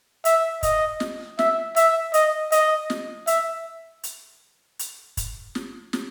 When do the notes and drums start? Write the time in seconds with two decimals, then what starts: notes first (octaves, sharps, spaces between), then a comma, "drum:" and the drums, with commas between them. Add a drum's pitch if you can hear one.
0.25 E5, drum: hi-hat
0.63 D#5, drum: kick, hi-hat
1.00 drum: snare
1.39 E5, drum: snare
1.76 E5, drum: hi-hat
2.14 D#5, drum: hi-hat
2.52 D#5, drum: hi-hat
2.90 drum: snare
3.27 E5, drum: hi-hat
4.03 drum: hi-hat
4.79 drum: hi-hat
5.17 drum: kick, hi-hat
5.55 drum: snare
5.93 drum: snare